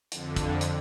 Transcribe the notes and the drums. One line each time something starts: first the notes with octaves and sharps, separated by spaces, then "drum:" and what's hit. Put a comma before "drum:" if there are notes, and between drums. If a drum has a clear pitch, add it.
F2 D3, drum: hi-hat
drum: kick, hi-hat
drum: hi-hat